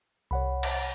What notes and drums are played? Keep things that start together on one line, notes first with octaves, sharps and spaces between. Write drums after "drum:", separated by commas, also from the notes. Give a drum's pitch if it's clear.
C2 C#5 F#5 B5
drum: cymbal